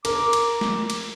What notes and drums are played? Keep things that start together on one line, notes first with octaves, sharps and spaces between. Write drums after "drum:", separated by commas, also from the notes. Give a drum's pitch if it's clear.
A#4 D6, drum: cymbal
drum: cymbal
drum: snare
drum: cymbal